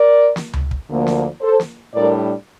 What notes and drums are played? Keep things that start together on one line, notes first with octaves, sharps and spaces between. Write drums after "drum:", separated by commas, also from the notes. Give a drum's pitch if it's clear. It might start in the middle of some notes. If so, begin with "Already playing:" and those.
Already playing: A#4 D5
drum: snare
drum: tom C#2
drum: kick
D2 D3 F3 A#3
drum: snare
A4 C5
drum: snare
A2 G3 D4 A#4 D5